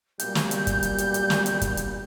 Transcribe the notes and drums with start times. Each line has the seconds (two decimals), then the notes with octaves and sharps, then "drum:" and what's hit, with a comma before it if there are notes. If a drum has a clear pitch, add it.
0.20 B1 A#2 G3 G6, drum: hi-hat
0.35 drum: snare
0.51 drum: hi-hat
0.67 drum: kick, hi-hat
0.83 drum: hi-hat
0.98 drum: hi-hat
1.14 drum: hi-hat
1.30 drum: snare
1.46 drum: hi-hat
1.61 drum: kick, hi-hat
1.77 drum: hi-hat